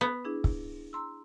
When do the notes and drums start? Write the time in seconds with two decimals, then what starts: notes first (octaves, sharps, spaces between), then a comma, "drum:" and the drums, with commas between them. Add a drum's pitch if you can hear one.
0.01 B3
0.25 D4 E4 G#4
0.44 drum: kick
0.93 A#5 C6 E6